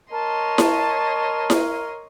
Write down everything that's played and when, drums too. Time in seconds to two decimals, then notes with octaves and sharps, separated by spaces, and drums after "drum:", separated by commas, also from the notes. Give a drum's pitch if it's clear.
0.12 A#4 C#5 D#5 A5 C6
0.58 drum: snare E4
1.50 drum: snare E4